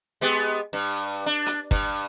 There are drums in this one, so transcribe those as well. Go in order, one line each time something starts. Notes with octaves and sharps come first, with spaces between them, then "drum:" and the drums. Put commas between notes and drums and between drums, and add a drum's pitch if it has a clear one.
G#3 B3 G4
G2
D4
drum: hi-hat
G2, drum: kick